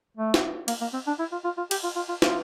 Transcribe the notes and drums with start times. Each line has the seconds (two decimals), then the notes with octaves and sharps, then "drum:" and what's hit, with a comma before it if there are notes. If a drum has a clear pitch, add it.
0.17 A3
0.34 drum: snare
0.68 A#3, drum: cymbal
0.81 A#3
0.93 C4
1.07 D4
1.19 E4
1.32 F4
1.45 F4
1.58 F4
1.71 G4, drum: cymbal
1.84 F4
1.96 F4
2.09 F4
2.22 F4, drum: snare